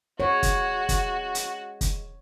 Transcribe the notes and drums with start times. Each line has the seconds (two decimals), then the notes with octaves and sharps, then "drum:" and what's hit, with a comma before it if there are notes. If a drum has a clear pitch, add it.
0.20 G#3 C#4 F#4 G#4 C#5
0.43 drum: kick, hi-hat
0.89 drum: kick, hi-hat
1.35 drum: hi-hat
1.81 drum: kick, hi-hat